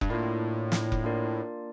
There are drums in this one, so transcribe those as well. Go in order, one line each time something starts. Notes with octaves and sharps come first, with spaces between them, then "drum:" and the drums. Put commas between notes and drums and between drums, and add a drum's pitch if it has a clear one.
G2, drum: kick F1
A2 A#3 D4 F4 A#4 D5
drum: snare
drum: kick F1
A#3 D4 F4 A#4 D5